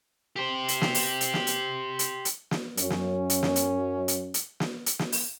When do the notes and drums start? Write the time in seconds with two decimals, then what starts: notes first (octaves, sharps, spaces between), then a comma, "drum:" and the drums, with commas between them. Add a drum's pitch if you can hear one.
0.36 G4 C5
0.68 drum: hi-hat
0.81 drum: snare
0.95 drum: open hi-hat
1.21 drum: hi-hat
1.34 drum: snare
1.47 drum: hi-hat
1.99 drum: hi-hat
2.25 drum: hi-hat
2.51 drum: snare
2.77 F#2 C#4, drum: hi-hat
2.90 drum: snare
3.30 drum: hi-hat
3.43 drum: snare
3.56 drum: hi-hat
4.08 drum: hi-hat
4.34 drum: hi-hat
4.60 drum: snare
4.86 drum: hi-hat
4.99 drum: snare
5.12 drum: open hi-hat